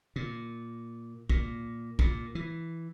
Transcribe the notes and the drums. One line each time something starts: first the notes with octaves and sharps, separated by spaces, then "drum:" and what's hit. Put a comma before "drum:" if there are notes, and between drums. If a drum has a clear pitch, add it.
A#2
A#2, drum: kick
A#2, drum: kick
E3